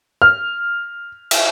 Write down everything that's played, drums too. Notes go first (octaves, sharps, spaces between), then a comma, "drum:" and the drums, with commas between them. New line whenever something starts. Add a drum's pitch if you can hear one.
F6
drum: cymbal